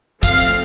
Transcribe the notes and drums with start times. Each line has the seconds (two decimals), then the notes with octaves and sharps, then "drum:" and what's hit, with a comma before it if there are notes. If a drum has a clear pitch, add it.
0.23 F3 A3 C4 F5, drum: kick, hi-hat
0.38 drum: hi-hat